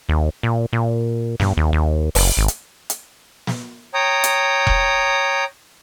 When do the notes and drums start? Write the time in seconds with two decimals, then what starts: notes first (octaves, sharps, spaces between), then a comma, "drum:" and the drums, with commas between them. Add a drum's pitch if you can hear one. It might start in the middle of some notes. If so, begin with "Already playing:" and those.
0.09 D#2
0.43 A#2
0.73 A#2
1.40 G2, drum: snare
1.57 D#2
1.73 D#2
2.15 F#1, drum: open hi-hat
2.37 G#1
2.48 drum: hi-hat
2.90 drum: hi-hat
3.47 drum: snare
3.94 C#5 G5 A#5 D#6
4.24 drum: hi-hat
4.67 drum: kick E1